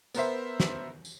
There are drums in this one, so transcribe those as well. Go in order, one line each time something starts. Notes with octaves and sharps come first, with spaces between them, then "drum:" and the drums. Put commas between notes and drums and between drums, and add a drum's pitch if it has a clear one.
B3 A#4 C5 E5, drum: tambourine
drum: snare
drum: tambourine